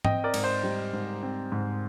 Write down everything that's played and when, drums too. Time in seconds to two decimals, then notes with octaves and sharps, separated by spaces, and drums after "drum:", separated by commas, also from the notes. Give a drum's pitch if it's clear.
0.05 C4 D#5 G5, drum: tom G#2
0.24 A#4 D5
0.34 G#2, drum: cymbal
0.44 C5
0.64 G3
0.93 G#2
1.23 C4
1.52 G#2